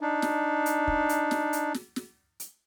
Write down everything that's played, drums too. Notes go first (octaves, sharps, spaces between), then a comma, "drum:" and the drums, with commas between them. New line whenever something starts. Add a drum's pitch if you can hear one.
D4 D#4
drum: snare
drum: hi-hat
drum: kick
drum: hi-hat
drum: snare
drum: hi-hat
drum: snare
drum: snare
drum: hi-hat